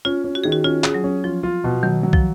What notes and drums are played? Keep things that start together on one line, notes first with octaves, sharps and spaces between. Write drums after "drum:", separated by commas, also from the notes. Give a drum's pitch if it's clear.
C#4 F4
C#4
F#4
D#3 G#4
F#4
C#4 F4
G#4, drum: clap
F#3
C#4
F3 F4
F4
B2
D#3 F#3
F#3
F3, drum: kick